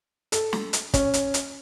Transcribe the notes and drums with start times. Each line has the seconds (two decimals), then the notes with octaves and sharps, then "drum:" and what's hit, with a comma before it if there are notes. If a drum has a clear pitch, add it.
0.32 A4, drum: hi-hat
0.53 drum: snare
0.73 drum: hi-hat
0.94 C#4, drum: kick, hi-hat
1.14 drum: hi-hat
1.34 drum: hi-hat